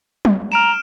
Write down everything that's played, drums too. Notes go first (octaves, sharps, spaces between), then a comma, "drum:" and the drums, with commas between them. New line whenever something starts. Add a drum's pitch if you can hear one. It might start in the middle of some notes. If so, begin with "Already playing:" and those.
drum: tom F#3
A#5 F6 D7 E7